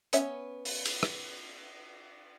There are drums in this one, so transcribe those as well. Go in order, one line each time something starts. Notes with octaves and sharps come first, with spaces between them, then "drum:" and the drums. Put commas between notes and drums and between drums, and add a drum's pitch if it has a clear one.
B3 C#4 C#5 E5, drum: hi-hat
drum: open hi-hat
drum: cymbal
drum: rim click